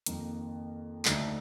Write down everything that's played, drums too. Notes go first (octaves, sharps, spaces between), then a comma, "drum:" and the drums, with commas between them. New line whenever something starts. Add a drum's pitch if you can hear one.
F2 D#3 A#3, drum: hi-hat
D2 D3 A3 D#4, drum: clap